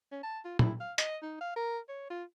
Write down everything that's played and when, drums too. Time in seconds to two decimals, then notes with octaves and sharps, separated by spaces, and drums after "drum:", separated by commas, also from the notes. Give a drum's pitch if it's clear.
0.12 C#4
0.23 A5
0.45 F4
0.59 E4, drum: tom
0.80 F5
0.98 D#5, drum: hi-hat
1.22 D#4
1.41 F5
1.56 A#4
1.88 C#5
2.10 F4